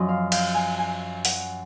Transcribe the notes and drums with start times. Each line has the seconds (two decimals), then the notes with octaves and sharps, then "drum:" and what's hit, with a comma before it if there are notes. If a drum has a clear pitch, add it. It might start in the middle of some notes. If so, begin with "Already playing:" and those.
Already playing: F#2 F3 D#5
0.09 F5
0.32 F5, drum: cymbal
0.55 G#5
0.78 G#5
1.25 F#5, drum: open hi-hat